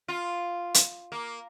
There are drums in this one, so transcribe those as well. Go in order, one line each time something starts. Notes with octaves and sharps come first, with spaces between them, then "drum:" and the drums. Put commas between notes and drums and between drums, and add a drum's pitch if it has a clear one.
F4
drum: hi-hat
A#3